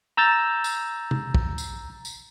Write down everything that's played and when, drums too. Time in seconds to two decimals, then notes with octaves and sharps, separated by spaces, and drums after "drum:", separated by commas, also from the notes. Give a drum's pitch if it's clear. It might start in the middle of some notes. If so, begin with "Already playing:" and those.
0.17 A#5 E6 G6 A6
0.64 drum: tambourine
1.11 drum: tom C3
1.35 drum: kick
1.58 drum: tambourine
2.05 drum: tambourine